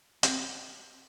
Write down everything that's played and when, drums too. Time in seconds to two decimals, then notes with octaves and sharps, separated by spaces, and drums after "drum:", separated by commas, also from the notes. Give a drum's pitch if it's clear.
0.23 C4, drum: hi-hat